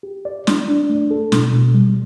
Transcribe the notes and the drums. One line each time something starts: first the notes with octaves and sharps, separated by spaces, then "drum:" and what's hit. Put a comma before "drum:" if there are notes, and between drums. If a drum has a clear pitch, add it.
G4
D5
D5, drum: snare
D4
A3
A4
B2, drum: snare
B2
G3